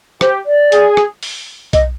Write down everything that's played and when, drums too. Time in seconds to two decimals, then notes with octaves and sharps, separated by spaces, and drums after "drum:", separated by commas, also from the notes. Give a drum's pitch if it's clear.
0.21 G4 C5, drum: rim click
0.46 D5
0.72 G#4, drum: hi-hat
0.97 drum: rim click
1.23 drum: open hi-hat
1.73 D#5, drum: kick B1, hi-hat